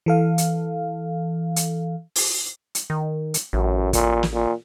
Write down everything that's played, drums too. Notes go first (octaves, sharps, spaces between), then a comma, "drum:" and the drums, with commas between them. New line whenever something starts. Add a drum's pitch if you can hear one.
E3 A4 F5
drum: hi-hat
drum: hi-hat
drum: open hi-hat
drum: hi-hat
D#3
drum: hi-hat
A1 F#2
A#2, drum: kick, hi-hat
drum: snare
A#2